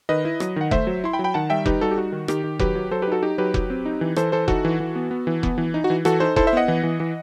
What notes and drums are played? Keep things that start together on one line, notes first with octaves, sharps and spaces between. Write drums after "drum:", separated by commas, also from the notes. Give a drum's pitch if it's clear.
D#3 B4 D#5
E4
F#3, drum: rim click
D#3 F#5
A3 C5 E5, drum: kick F1
F#3
E4 C6
G5 B5
F#3
G5 B5
D#3 F#5 A5
G3 E5 G5
D#4 G4 B4, drum: kick F1
G3 F#4 A4
G4
D#4 F#4
D#3
D#3 G4, drum: rim click
D#3
F#3 G4 B4, drum: kick F1
F#3
F#3 A4 C5
G4 B4
D#4 F#4 A4
D#4 G4
F#3 G4 B4
F#3, drum: kick F1
C4
D#4
E3
E3 A4 C5, drum: rim click
E3 A4 C5
D#4 F#4 A4, drum: kick F1
E3
E3
B3
B3
E3
B3, drum: kick F1
E3
D#4
F#4
E3
E3 F#4 A4, drum: rim click
D#4 A4 C5
E4 A4 C5, drum: kick F1
C5 E5
B3 D#5 F#5
E3
E3
E3